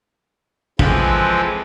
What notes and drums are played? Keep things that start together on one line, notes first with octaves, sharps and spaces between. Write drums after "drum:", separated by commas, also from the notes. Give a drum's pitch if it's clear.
E3 F3 G#3 C4 A4 B4, drum: kick